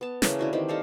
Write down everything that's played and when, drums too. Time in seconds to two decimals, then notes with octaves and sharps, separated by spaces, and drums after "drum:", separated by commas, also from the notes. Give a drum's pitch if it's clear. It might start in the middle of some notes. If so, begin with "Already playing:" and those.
0.01 B3 A5
0.22 C#3 E3 A3 A#3, drum: snare
0.39 D3 E4 F#4
0.53 D#3 E3 C4 G4
0.68 G3 D#4 A4 F5